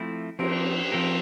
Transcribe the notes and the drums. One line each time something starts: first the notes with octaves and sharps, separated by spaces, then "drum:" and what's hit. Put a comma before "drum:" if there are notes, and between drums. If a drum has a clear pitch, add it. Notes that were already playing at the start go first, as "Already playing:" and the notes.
Already playing: F3 A3 C4 E4
F3 C4 G4 A#4, drum: cymbal
F3 C4 G4 A#4